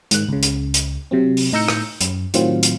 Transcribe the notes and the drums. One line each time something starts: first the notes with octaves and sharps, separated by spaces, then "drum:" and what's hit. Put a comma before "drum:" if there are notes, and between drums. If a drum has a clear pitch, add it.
G#2 D#3 F#6, drum: hi-hat
C#2 C#3
drum: hi-hat
drum: hi-hat
C3 F#3 C4
drum: open hi-hat
A2 D#4 A#5 E6 G6 C#7
drum: rim click
F#2, drum: hi-hat
A2 D#3 F#3 C4 F4, drum: hi-hat
drum: hi-hat